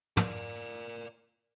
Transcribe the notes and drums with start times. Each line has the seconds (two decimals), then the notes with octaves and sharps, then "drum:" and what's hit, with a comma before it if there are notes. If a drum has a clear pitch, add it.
0.17 A#4 D5, drum: tom